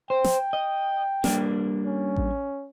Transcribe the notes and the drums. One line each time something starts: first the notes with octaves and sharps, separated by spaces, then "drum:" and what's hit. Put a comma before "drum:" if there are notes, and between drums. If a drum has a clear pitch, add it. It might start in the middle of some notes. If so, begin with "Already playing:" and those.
C5 G5
drum: snare
D#5
G3 A#3 D4, drum: snare
C#4
drum: kick A1